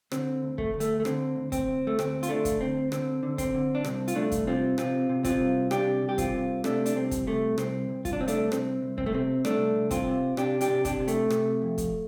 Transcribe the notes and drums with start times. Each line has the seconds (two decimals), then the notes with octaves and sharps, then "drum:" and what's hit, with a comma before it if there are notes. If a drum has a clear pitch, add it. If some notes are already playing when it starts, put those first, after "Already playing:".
0.12 D3 C4, drum: rim click
0.43 D2
0.58 A3, drum: kick
0.74 D2
0.80 A3, drum: hi-hat
1.00 A3
1.05 D3 C4, drum: rim click
1.36 D2
1.52 C4, drum: kick, hi-hat
1.68 D2
1.87 A3
1.99 D2 C4, drum: rim click
2.23 F4, drum: hi-hat
2.29 D3 A3 D4
2.45 drum: kick, hi-hat
2.61 D2 C4
2.92 D3 C4, drum: rim click
3.23 D3
3.38 C4, drum: kick, hi-hat
3.54 D3
3.75 D4
3.85 C2 C4, drum: rim click
4.08 F4, drum: hi-hat
4.15 C2 A3 D4
4.32 drum: kick, hi-hat
4.47 C3 C4 F4
4.78 C3 C4 F4, drum: rim click
5.09 C3
5.24 C4 F4, drum: kick, hi-hat
5.40 C2
5.71 C3 D4 G4, drum: rim click
6.02 C2
6.09 G4
6.18 C4 F4, drum: kick, hi-hat
6.33 C3
6.64 C3 A3 D4, drum: rim click
6.86 D4, drum: hi-hat
6.96 C2 C4
7.11 drum: kick, hi-hat
7.27 C3 A3
7.58 C2 C4, drum: rim click
7.89 C2
8.05 F4, drum: kick, hi-hat
8.13 D4
8.21 C2 C4
8.28 A3 D4, drum: hi-hat
8.52 C2 C4, drum: rim click
8.82 C2
8.98 C4, drum: kick
9.06 A3
9.13 C3 C4
9.45 C2 A3 D4, drum: rim click
9.75 C2
9.91 C4 F4, drum: kick, hi-hat
10.07 C3
10.37 C3 D4 G4, drum: rim click
10.61 D4 G4, drum: hi-hat
10.69 C3
10.85 D4 G4, drum: kick, hi-hat
11.00 C3
11.08 A3, drum: hi-hat
11.30 C3, drum: rim click
11.62 F2
11.78 drum: kick, hi-hat